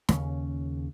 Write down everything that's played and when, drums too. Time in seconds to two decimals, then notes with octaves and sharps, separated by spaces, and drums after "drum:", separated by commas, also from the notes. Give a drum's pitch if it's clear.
0.09 D#2 C#3 C#4, drum: snare